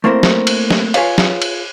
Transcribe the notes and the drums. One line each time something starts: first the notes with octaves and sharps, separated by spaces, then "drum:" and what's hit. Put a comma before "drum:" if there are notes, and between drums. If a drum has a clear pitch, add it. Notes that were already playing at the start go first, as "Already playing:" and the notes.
A3 A#3 C4 E4 A#4 C5
drum: snare
drum: cymbal
drum: snare
F4 G#4 B4 C#5 F5, drum: cymbal
drum: snare
drum: cymbal